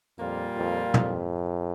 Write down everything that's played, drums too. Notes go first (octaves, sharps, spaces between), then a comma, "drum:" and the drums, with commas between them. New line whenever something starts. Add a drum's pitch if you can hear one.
F2 A#2 G3 A#3 F4
F2
F2, drum: tom